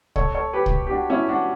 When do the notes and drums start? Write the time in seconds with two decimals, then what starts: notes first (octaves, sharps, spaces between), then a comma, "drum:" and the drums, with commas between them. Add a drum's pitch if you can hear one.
0.16 A4 C#5, drum: kick
0.35 A4 C#5
0.53 G4 B4
0.66 drum: kick
0.87 G4
0.91 D4 F#4
1.10 C#4 E4
1.29 D4 F#4